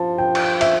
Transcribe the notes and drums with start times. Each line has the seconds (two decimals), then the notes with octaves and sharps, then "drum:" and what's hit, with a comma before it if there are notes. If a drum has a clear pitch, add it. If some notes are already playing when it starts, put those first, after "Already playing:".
Already playing: F3 A5
0.18 G5
0.35 drum: cymbal
0.61 E5, drum: cymbal